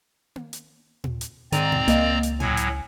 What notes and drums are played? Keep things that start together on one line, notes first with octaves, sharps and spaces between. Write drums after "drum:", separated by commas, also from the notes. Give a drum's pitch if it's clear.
drum: tom A#3
drum: hi-hat
drum: tom
drum: hi-hat
G#2 D#3 C4 D5 A#5 D#7, drum: hi-hat
drum: tom
C#2 A#3 D#5 F5, drum: hi-hat
drum: hi-hat
A2 F#3 G#5, drum: tom
drum: hi-hat